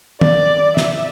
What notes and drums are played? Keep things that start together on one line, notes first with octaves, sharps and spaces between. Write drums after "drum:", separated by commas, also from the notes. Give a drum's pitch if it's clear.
D5, drum: tom
E5, drum: snare